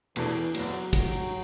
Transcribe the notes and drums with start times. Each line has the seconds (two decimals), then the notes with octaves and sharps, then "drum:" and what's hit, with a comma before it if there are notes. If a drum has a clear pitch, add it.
0.16 E1 E2 B2 E3 A3 D4, drum: cymbal
0.54 F#1 E2 B2 F#3, drum: cymbal
0.93 drum: kick, cymbal